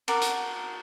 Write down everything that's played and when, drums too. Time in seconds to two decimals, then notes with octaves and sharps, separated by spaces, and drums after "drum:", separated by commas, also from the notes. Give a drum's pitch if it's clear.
0.08 A#4 F#5 A5 D6, drum: cymbal
0.21 drum: hi-hat